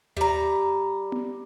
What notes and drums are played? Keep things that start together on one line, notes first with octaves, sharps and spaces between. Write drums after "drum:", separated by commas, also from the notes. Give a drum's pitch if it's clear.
G3 A#5, drum: tom D#2
drum: tom B3